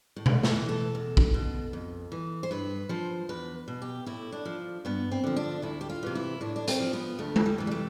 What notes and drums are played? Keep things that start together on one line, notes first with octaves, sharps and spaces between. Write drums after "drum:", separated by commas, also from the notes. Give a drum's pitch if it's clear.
A2
drum: tom B2
A4, drum: snare
E3
A4
E2
drum: kick
B2
F2
E3
C5
G2 B4
F3 C5
E2 B4
B2
G4
A2 E4
D4
F3
G2 B3
C4
D3 F3
D4
D2 E4
G4
F4
C3 E3
E4
A2 D4
D4
C4, drum: hi-hat
F3
B3
D2 A3
drum: tom G#3
G3
C3 E3
G3
A3